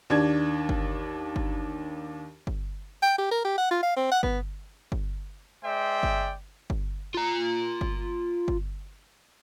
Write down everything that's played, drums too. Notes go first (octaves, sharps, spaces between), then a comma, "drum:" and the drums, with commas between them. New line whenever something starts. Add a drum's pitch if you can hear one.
D#2 D4 G#6
drum: kick G1
drum: kick G1
drum: kick G1
G5
G4
A#4
G4
F#5
F4
F5
C4
F#5
B3, drum: kick G1
drum: kick G1
G#3 C5 D5 E5 G5
drum: kick G1
drum: kick G1
F4 A#5
drum: kick G1
drum: kick G1